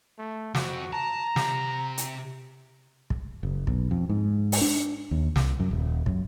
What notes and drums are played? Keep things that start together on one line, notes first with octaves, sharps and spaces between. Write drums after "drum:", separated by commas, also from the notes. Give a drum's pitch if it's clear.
A3
F2 C4 F#4, drum: snare
A5 A#5
C3 G4, drum: snare
drum: hi-hat
drum: kick
F#1
B1, drum: kick
F2
G#2
drum: open hi-hat
D4
D#2
C2, drum: snare
F#2
D#1
F#2, drum: kick